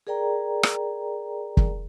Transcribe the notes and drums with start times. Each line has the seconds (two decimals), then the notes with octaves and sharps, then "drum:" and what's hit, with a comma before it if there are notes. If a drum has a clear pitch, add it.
0.07 G#4 A#4 D5 G5 A#5
0.63 drum: rim click
1.57 drum: kick